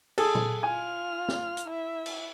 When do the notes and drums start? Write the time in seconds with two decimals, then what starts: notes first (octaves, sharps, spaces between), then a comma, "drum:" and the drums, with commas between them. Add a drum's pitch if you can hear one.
0.18 G#4 A4, drum: cymbal
0.35 drum: tom A#2
0.63 F4 G#5 F6
1.28 drum: snare
1.57 drum: hi-hat
1.69 E4 E5
2.06 drum: cymbal